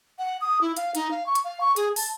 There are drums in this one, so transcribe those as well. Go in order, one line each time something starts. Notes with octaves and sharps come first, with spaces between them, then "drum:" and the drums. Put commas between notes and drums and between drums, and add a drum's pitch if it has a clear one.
F#5
D#6
E4
F5, drum: hi-hat
D#4, drum: hi-hat
F5
C#6
drum: hi-hat
F5
C#6
G#4, drum: hi-hat
A5, drum: open hi-hat